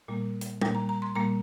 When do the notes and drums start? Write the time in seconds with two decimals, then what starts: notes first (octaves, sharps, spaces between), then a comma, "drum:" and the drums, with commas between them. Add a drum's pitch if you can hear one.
0.08 A#2 G3 A#3
0.41 drum: hi-hat
0.61 A#2 G3 A#3 G5, drum: tom G3
0.75 A#5
0.89 A#5
1.02 C6
1.15 A#2 G3 A#3 A#5